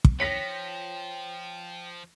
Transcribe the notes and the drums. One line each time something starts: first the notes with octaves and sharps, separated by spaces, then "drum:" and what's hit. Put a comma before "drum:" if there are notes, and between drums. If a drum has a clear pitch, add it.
drum: kick
F3 C#5 G5 A#6 B6 C#7